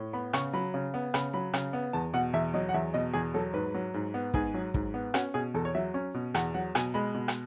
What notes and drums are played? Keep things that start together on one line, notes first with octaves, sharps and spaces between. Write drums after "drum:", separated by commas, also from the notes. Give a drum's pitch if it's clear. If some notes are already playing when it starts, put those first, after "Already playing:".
Already playing: A2
B3 B5
C#3 C#6, drum: rim click
F#3 B5
C#3
B3
C#3 B5, drum: rim click
F#3 B5
C#3, drum: rim click
B3
E2 A5
B2 F#5
E2 E5
F#3 D#5
F#5
E2 E5
B2 D#5
E2 G#4
F#3 A4
G#2 B4
F#3
G#2
B3
G#2 G#4, drum: kick
F#3
G#2, drum: kick
B3
C#4 F#4, drum: rim click
B2 G#4
E2 A4
C#5
F#3 E5
C#4
B2
E2 F#5, drum: rim click
F#3 F#5
B2 G#5, drum: rim click
G#3 B5
B2
drum: rim click